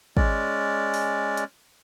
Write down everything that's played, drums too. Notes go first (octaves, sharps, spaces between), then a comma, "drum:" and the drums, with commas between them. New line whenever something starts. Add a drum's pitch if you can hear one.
G#3 C#4 D5, drum: kick
drum: open hi-hat
drum: hi-hat